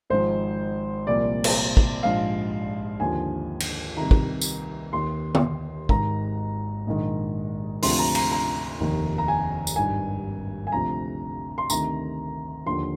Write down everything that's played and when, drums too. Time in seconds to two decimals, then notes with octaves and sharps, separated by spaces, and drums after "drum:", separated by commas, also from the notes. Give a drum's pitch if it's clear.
0.10 G#1 G#2 F3 C5
1.07 C2 A#2 F3 D5
1.44 drum: cymbal
1.77 drum: kick
2.03 A#1 G#2 F3 F5
3.00 D#2 D3 F3 G#5
3.60 drum: cymbal
3.97 C2 C3 D#3 A#5
4.11 drum: kick
4.41 drum: tambourine
4.93 D#2 D#3 C6
5.35 drum: tom
5.89 G#1 G#2 D#3 A#5, drum: kick
6.87 A#1 G#2 D#3
7.82 D2 C3 F3 C6, drum: open hi-hat
7.99 A#5
8.15 A#5, drum: cymbal
8.32 A#5
8.80 F1 D#2 D#3
9.18 A#5
9.28 G#5
9.67 drum: tambourine
9.76 G#1 G2 D#3 G#5
10.67 G#5
10.72 D2 C3 F3 A#5
11.58 C6
11.70 D2 C3 D#3 A#5, drum: tambourine
12.66 D#2 D3 F3 C6